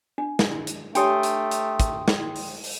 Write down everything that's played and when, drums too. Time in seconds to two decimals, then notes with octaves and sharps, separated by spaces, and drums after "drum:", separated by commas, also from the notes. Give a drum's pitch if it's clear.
0.18 D4
0.39 drum: snare
0.67 drum: hi-hat
0.95 A3 D4 G4 C#5 G5 C6 D#6, drum: hi-hat
1.23 drum: hi-hat
1.51 drum: hi-hat
1.80 drum: kick, hi-hat
2.08 drum: snare
2.36 drum: open hi-hat
2.64 drum: open hi-hat